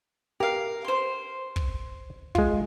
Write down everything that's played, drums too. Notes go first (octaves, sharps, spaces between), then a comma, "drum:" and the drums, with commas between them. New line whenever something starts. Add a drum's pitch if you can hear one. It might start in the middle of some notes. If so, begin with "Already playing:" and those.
G4 A#4 F5
C5 C6
drum: kick
G#3 F4, drum: kick